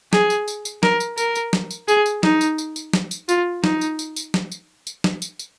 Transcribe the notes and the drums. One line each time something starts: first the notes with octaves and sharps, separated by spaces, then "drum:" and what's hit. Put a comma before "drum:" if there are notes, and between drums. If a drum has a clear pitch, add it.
G#4, drum: snare
drum: tambourine
drum: tambourine
drum: tambourine
A#4, drum: snare
drum: tambourine
A#4, drum: tambourine
drum: tambourine
drum: snare
drum: tambourine
G#4, drum: tambourine
drum: tambourine
D#4, drum: snare
drum: tambourine
drum: tambourine
drum: tambourine
drum: snare
drum: tambourine
F4, drum: tambourine
D#4, drum: snare
drum: tambourine
drum: tambourine
drum: tambourine
drum: snare
drum: tambourine
drum: tambourine
drum: snare
drum: tambourine
drum: tambourine